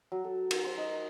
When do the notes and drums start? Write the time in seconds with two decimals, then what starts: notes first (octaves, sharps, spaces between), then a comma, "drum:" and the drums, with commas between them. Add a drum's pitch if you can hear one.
0.12 F#3
0.24 A4
0.51 A#4, drum: cymbal
0.64 C5
0.78 D#4